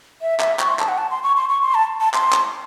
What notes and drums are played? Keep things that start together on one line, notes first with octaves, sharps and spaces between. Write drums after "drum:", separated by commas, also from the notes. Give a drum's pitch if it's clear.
E5
E5, drum: clap
C#6, drum: clap
C6
A5, drum: clap
F#5
A5
C6
C#6
C6
C#6
C6
A5
A5
C6, drum: clap
drum: clap